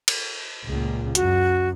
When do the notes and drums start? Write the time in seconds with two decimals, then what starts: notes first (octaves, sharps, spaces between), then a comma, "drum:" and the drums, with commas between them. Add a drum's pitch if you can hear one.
0.08 drum: cymbal
0.65 C#2 A#2
1.15 F#2 F#4, drum: hi-hat